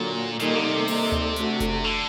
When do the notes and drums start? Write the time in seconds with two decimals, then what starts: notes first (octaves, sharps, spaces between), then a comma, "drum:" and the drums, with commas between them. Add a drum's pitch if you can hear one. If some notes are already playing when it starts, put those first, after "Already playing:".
Already playing: A#2 D3 F#3 A#3
0.40 A#2 D#3 G3 A#3 D#4 A4, drum: hi-hat
0.55 D3
0.64 C3
0.88 A#3 D#4 A4 D5, drum: open hi-hat
1.12 drum: tom D2
1.36 A3 D4 F#4 A4, drum: hi-hat
1.60 drum: kick F1, hi-hat
1.84 D3